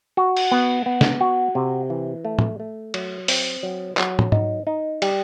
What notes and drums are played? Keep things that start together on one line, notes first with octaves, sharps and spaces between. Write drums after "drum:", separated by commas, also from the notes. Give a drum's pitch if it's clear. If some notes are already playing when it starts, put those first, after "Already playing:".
F#4
drum: cymbal
B3
B3
drum: snare
F#4
C3
E3
A3
drum: tom
A3
F#3, drum: cymbal
C4, drum: open hi-hat
F#3
F#3, drum: clap
drum: tom
D#4, drum: tom G#2
D#4
G3, drum: cymbal